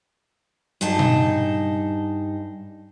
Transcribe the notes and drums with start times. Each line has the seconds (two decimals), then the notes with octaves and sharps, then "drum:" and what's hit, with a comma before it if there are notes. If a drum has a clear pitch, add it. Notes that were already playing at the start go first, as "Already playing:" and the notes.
0.81 G2 D#4 G#4 A5
0.99 drum: tom A#2